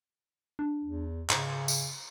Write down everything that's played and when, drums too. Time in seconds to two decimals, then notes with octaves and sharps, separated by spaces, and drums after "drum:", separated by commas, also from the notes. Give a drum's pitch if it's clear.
0.59 D4
0.83 E2
1.30 G#2 C#3, drum: clap
1.68 drum: tambourine